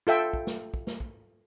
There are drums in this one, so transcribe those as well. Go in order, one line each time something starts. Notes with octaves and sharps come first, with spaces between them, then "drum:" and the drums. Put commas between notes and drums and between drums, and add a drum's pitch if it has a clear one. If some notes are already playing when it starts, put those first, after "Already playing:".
F4 A4 E5 G5
drum: kick
drum: snare
drum: kick
drum: snare
drum: kick